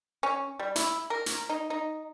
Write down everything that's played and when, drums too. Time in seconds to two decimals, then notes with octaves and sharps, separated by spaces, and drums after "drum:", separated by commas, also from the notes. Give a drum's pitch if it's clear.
0.23 C#4
0.59 G3
0.76 E4, drum: hi-hat
1.10 A#4
1.26 drum: hi-hat
1.49 D#4
1.70 D#4